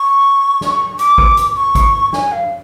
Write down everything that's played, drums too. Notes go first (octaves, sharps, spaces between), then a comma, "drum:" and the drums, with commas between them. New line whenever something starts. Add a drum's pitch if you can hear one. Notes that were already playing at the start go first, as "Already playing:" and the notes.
Already playing: C#6
drum: snare
D6, drum: hi-hat
drum: kick
drum: hi-hat
C#6
drum: kick, hi-hat
G#5, drum: snare
F5